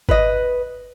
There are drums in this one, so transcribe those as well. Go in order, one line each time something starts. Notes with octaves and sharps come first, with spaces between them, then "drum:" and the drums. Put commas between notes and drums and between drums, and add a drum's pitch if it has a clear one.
B4 D#5, drum: kick G1